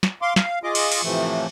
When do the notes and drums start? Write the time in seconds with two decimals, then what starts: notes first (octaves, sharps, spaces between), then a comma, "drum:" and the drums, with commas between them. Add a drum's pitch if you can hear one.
0.03 drum: snare
0.22 F5 C6 D6
0.36 F5, drum: snare
0.63 F4 G#4 D#5 D6
0.75 drum: cymbal
0.92 drum: open hi-hat
1.03 A2 C3 E3 F3 A3